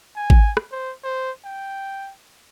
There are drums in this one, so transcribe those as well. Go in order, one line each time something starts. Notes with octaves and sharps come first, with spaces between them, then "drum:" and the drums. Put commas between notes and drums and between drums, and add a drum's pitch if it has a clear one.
G#5
drum: kick G#1
drum: rim click
C5
C5
G5